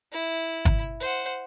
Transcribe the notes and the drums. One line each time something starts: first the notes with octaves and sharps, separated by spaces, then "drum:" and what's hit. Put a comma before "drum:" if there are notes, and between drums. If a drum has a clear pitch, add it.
E4
drum: kick G1, hi-hat
C5 F#5